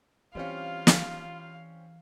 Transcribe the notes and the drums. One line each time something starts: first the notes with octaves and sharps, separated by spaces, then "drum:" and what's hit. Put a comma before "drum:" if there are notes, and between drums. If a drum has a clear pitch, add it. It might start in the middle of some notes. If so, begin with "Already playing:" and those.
E3 G3 C4 C#4 F4 F5
drum: snare